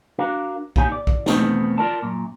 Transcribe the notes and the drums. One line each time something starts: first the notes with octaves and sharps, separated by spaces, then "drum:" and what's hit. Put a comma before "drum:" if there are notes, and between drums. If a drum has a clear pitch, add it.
D4 F#4 A#4 F5
A#2 D#4 G4 C#5 G#5, drum: kick
D5
drum: kick
E2 B2 D#3 A3 B3 C4, drum: snare
F4 A#4 D5 A5
F#2 A#2